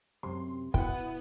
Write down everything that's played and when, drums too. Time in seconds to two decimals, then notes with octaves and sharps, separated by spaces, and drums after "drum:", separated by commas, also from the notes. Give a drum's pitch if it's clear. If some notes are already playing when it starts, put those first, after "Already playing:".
0.23 F#2 C3 C6
0.74 B2 B3 E4 F#5 G5, drum: kick